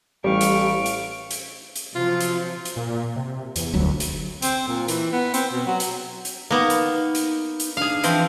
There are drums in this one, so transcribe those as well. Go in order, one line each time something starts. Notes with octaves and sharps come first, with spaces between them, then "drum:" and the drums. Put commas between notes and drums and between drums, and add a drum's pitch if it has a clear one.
A1 G3 F5 C#6 D7
drum: hi-hat
drum: hi-hat
drum: hi-hat
drum: hi-hat
C3 F3 F#3 F4
drum: hi-hat
drum: hi-hat
A#2
C3
E2, drum: hi-hat
F1 D2 F#3
drum: hi-hat
C4, drum: hi-hat
A#2
E3, drum: hi-hat
B3
C4, drum: hi-hat
B2
F#3
drum: hi-hat
drum: hi-hat
A#3 B3 D#4
drum: hi-hat
drum: hi-hat
drum: hi-hat
D4 G#4 F5
E3 F3 C4, drum: hi-hat